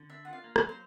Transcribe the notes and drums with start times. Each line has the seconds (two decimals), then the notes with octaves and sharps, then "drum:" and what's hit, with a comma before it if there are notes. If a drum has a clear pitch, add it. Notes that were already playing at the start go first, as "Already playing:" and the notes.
Already playing: D3
0.10 D4 E5
0.25 F4 F#5
0.33 F5
0.44 A#3
0.56 F#3 F5, drum: rim click
0.69 C5